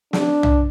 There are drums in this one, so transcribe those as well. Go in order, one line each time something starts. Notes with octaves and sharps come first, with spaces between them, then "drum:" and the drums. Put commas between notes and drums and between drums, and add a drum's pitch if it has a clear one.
D4, drum: snare
drum: tom